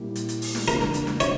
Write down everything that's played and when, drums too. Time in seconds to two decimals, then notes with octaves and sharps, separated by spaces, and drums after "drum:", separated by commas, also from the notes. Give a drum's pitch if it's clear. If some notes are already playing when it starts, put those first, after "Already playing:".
Already playing: A#2 G3 A#3 E4 G4
0.16 drum: hi-hat
0.29 drum: hi-hat
0.42 drum: open hi-hat
0.55 drum: snare
0.68 E2 C#3 E3 A#3 D4 A#4, drum: hi-hat
0.81 drum: snare
0.94 drum: hi-hat
1.07 drum: snare
1.20 C#5, drum: hi-hat